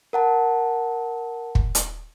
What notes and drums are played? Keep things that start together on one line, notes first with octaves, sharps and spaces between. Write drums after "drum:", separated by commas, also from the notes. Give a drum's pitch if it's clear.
A#4 F#5 A5
drum: kick
drum: hi-hat